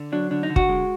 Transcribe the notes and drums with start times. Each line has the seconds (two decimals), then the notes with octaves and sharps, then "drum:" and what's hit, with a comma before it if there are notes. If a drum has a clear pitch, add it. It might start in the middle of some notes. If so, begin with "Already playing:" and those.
Already playing: D3
0.12 F#3 D4
0.31 D3 D4
0.43 D#4
0.50 D3
0.56 F#4, drum: kick
0.69 G#3